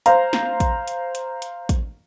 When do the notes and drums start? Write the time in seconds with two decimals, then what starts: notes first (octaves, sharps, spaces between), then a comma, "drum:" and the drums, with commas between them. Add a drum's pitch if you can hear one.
0.06 C5 F5 A#5, drum: hi-hat
0.33 drum: snare
0.60 drum: kick, hi-hat
0.88 drum: hi-hat
1.15 drum: hi-hat
1.42 drum: hi-hat
1.69 drum: kick, hi-hat